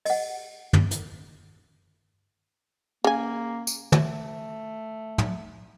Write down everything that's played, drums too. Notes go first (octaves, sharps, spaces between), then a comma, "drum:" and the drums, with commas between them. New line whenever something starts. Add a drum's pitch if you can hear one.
D#5 F#5, drum: open hi-hat
drum: tom
drum: hi-hat
C#3 A#3 G#5
drum: tambourine
A3, drum: tom
drum: tom